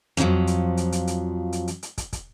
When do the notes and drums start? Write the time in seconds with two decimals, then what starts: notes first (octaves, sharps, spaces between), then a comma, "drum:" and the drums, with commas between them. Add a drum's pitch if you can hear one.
0.17 F2 B2 D#3 F3 F#3
0.47 drum: hi-hat
0.77 drum: hi-hat
0.92 drum: hi-hat
1.07 drum: hi-hat
1.52 drum: hi-hat
1.68 drum: hi-hat
1.83 drum: hi-hat
1.98 drum: kick, hi-hat
2.13 drum: kick, hi-hat